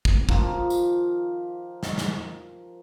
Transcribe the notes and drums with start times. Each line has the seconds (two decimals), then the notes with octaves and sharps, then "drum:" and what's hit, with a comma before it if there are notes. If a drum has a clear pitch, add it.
0.05 drum: kick
0.29 D#3 F3 G4 A#4, drum: kick
0.70 drum: tambourine
1.83 drum: snare
1.98 drum: snare